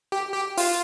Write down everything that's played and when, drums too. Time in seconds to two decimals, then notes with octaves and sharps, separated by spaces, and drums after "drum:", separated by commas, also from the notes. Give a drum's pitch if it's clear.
0.12 G4
0.34 G4
0.58 F4, drum: open hi-hat